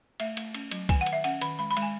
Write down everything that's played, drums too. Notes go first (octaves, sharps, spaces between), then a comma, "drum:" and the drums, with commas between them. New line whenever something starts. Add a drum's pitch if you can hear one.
A3 E5, drum: cymbal
A3, drum: cymbal
C#4, drum: cymbal
F#3, drum: cymbal
D#3 G#5, drum: kick C2, cymbal
F#5
D#3, drum: cymbal
E5
C#4 F#5, drum: cymbal
D#3 B5, drum: cymbal
G#3 B5
B5
G#3, drum: cymbal
G#5